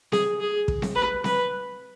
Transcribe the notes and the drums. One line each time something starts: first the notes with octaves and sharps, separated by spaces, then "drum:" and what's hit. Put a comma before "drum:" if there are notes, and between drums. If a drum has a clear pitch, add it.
G#4, drum: snare C4
G#4
drum: kick
drum: snare C4
B4
B4, drum: snare C4